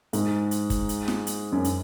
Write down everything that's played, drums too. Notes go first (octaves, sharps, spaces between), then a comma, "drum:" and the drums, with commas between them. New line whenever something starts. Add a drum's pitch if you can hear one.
G#2, drum: hi-hat
drum: hi-hat
drum: kick, hi-hat
drum: hi-hat
drum: snare
drum: hi-hat
F#2
drum: hi-hat